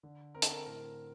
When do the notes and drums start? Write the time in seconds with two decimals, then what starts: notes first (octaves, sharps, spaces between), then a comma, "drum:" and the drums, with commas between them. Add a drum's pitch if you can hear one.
0.03 D3
0.35 C4 A#4
0.42 A4, drum: hi-hat
0.50 A#4
0.66 A2 A#4